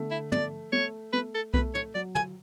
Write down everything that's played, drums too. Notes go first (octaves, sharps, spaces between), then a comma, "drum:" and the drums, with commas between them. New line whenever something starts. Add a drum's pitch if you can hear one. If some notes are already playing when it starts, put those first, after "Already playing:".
Already playing: D3 A3
E4
A3 D5, drum: tom
A3 C#5
A3 B4
A4
A3 B4, drum: kick B1
C#5, drum: tom
F#3 D5
G#5, drum: tom